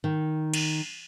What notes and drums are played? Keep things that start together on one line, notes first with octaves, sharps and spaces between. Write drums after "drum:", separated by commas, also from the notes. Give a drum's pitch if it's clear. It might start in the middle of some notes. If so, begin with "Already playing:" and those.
D#3
drum: cymbal